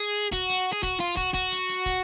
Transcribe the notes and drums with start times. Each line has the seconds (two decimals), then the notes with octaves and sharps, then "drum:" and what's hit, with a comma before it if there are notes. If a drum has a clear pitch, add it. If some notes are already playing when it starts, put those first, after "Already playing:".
Already playing: G#4
0.32 F#4, drum: kick, hi-hat
0.49 drum: hi-hat
0.72 G#4
0.83 F#4, drum: kick, hi-hat
1.00 F4, drum: hi-hat
1.17 F#4, drum: kick, hi-hat
1.34 F#4, drum: kick, hi-hat
1.52 drum: hi-hat
1.69 drum: hi-hat
1.86 drum: kick, hi-hat